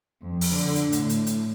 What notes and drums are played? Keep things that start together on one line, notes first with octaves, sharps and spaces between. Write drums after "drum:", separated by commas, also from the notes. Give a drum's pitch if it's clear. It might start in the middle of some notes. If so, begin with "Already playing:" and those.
F2
drum: open hi-hat
D3
drum: hi-hat
A2, drum: hi-hat
drum: hi-hat
drum: hi-hat